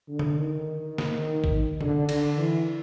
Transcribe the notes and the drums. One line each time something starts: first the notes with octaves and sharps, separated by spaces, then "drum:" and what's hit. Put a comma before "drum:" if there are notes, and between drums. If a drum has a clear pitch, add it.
D3
drum: tom C3
D#3
drum: snare
drum: kick
D3, drum: tom C3
D3, drum: cymbal
E3